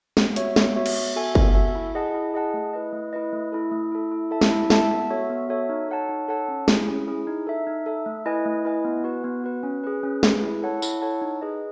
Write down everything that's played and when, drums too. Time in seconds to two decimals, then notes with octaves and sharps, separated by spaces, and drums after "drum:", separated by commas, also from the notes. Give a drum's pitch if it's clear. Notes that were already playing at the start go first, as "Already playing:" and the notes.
0.17 B3, drum: snare
0.36 F#4 C#5 E5, drum: hi-hat
0.56 B3, drum: snare
0.76 F#4 C#5 E5
0.86 drum: cymbal
0.96 B3
1.16 F#4 A4 E5 G#5
1.35 B3, drum: kick G1
1.55 F#4 A4 E5 G#5
1.75 E4
1.95 G#4 D#5 F#5 A5
2.14 E4
2.34 G#4 D#5 F#5 A5
2.54 A3
2.73 E4 B4 D#5
2.93 A3
3.13 E4 B4 D#5
3.33 A3
3.52 E4 A4
3.72 A3
3.92 E4 A4
4.12 E4
4.31 A4 E5 A5
4.41 drum: snare
4.51 E4
4.70 A4 E5 A5, drum: snare
4.90 B3
5.10 F#4 A4 C#5 E5
5.30 B3
5.49 F#4 A4 C#5 E5
5.69 D#4
5.88 A4 C#5 F#5 A5
6.09 D#4
6.28 A4 C#5 F#5 A5
6.48 C#4
6.68 E4 G#4, drum: snare
6.88 C#4
7.07 E4 G#4
7.27 D#4
7.47 A4 E5
7.67 D#4
7.86 A4 E5
8.06 A3
8.26 E4 B4 D#5 G#5
8.45 A3
8.65 E4 B4 D#5 G#5
8.85 B3
9.04 F#4 B4
9.24 B3
9.44 F#4 B4
9.63 C#4
9.84 G#4 B4
10.03 C#4
10.23 G#4 B4, drum: snare
10.42 E4
10.62 A4 C#5 F#5 A5
10.82 E4, drum: tambourine
11.01 A4 C#5 F#5 A5
11.22 D#4
11.41 G#4 B4 D#5